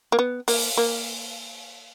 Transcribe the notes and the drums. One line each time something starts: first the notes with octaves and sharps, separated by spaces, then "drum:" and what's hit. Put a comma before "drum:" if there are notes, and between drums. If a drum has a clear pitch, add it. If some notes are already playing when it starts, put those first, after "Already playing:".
A#3
B3
A#3, drum: open hi-hat
A#3